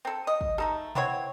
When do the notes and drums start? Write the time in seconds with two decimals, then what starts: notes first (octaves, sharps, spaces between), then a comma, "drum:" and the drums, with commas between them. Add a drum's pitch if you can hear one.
0.05 C4 A4
0.27 D#5
0.41 drum: kick
0.58 A3 D#4 A4, drum: rim click
0.95 B3 C4 E4 C#5, drum: tom B2